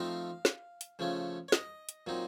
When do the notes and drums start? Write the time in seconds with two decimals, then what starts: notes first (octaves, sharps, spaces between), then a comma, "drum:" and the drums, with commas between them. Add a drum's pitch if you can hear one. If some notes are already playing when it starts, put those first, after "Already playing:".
Already playing: F3 A3 C4 D#4 F5
0.45 drum: snare
0.81 drum: hi-hat
0.99 C#3 F3 A3 C#4
1.48 C#5
1.52 D#5, drum: snare
1.89 drum: hi-hat
2.07 A#2 F#3 C4 D#4